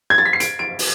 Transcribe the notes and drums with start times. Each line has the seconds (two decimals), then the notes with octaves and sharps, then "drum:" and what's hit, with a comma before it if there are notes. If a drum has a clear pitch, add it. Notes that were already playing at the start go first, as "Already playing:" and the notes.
0.10 G#6
0.18 A6
0.25 B6
0.33 C7
0.40 D7, drum: hi-hat
0.59 D7
0.79 drum: open hi-hat